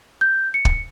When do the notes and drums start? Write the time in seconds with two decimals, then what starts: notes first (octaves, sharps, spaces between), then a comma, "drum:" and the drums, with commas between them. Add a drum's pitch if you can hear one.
0.21 G6
0.54 C#7
0.65 drum: kick